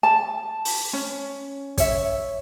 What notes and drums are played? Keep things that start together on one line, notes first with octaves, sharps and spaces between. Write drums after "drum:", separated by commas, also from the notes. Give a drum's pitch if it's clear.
A5
drum: open hi-hat
C#4
C#5 E5, drum: kick, hi-hat